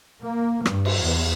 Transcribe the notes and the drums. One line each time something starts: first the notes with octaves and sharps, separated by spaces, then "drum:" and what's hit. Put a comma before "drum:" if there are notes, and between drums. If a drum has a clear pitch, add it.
A#3
G2, drum: rim click
drum: cymbal
E2